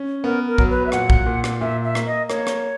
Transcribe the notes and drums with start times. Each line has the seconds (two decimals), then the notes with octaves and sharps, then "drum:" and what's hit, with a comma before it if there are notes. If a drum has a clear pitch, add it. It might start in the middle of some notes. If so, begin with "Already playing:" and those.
Already playing: C#4
0.24 B3 A#4
0.47 A#4
0.58 F#3, drum: kick A#1
0.70 B4
0.87 E5
0.92 A#2 F#5, drum: rim click
1.10 drum: kick A#1
1.26 A#2
1.44 drum: rim click
1.61 A#2 E5
1.84 E5
1.95 A#3, drum: rim click
2.07 D#5
2.30 A#3 C#5, drum: rim click
2.47 drum: rim click